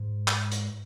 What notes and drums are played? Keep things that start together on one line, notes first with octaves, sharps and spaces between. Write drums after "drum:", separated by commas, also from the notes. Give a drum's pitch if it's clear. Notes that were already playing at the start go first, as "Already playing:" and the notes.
Already playing: G#2
drum: clap
drum: hi-hat